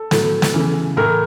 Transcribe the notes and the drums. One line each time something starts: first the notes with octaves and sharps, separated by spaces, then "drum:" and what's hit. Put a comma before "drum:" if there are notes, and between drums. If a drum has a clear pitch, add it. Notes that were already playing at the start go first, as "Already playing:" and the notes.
Already playing: A4
A2 F#3 A3, drum: snare
drum: snare
C#3 E3 A3
A2 E3 A3 A#4